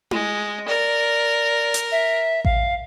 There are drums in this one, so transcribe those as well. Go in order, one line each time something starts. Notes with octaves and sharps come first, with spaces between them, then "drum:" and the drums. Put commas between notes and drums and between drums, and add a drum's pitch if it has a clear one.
G#3, drum: tom E4
A#4 D5
drum: hi-hat
E5
F5, drum: kick A1